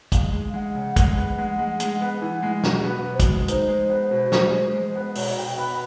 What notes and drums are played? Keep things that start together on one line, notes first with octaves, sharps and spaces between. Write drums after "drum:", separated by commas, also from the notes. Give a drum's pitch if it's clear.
G#3 F5, drum: kick, hi-hat
G#3
G#3 F#5
C#3
G#3 F#5, drum: kick, hi-hat
B3
G#3
G#3
G#3, drum: hi-hat
B3
E3
G#3
B2, drum: snare
B3
B2
C5
B4, drum: kick, hi-hat
G#3
D#4 C5, drum: hi-hat
G#3
B3
B2
G#3, drum: snare
G#3
G#3
B3
B2 C#5, drum: open hi-hat
B2 G5
B3 B5